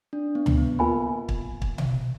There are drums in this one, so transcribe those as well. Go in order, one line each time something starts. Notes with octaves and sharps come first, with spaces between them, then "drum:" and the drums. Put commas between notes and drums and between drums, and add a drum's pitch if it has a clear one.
D4
B3
drum: tom
B3
A#3 F4 A#4 F5 G#5 B5
drum: kick
drum: kick
drum: tom B2